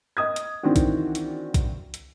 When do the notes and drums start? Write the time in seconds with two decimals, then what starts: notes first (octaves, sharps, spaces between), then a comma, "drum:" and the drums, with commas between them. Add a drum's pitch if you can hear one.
0.17 D#5 D#6 G#6
0.36 drum: hi-hat
0.63 D#3 E3 C4 D4 F#4
0.76 drum: kick A#1, hi-hat
1.15 drum: hi-hat
1.54 drum: kick A#1, hi-hat
1.94 drum: hi-hat